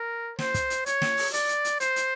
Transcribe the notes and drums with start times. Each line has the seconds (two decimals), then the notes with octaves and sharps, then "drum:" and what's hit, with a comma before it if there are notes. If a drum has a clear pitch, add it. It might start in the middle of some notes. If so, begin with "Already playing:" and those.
Already playing: A#4
0.39 C5, drum: snare
0.54 drum: kick, hi-hat
0.70 drum: hi-hat
0.86 C#5, drum: hi-hat
1.02 drum: snare
1.17 drum: open hi-hat
1.33 D5, drum: hi-hat
1.49 drum: hi-hat
1.65 drum: hi-hat
1.80 C5, drum: hi-hat
1.96 drum: hi-hat